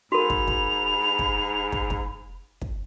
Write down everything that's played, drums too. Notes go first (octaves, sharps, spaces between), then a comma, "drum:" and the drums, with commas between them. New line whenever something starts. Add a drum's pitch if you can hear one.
G#2 F#4 A#4 B5 F7
drum: kick
drum: kick
drum: kick
drum: kick
drum: kick
drum: kick